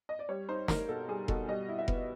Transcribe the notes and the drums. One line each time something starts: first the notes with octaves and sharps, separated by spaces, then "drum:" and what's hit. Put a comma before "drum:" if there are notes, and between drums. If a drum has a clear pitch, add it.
D#5
D5
G3 C#5
D#4 C5
D#4 A#4, drum: snare
B2 A4
G3 G#4
B2 A4, drum: kick F1
G3 D#5
E4
E5
B3, drum: kick F1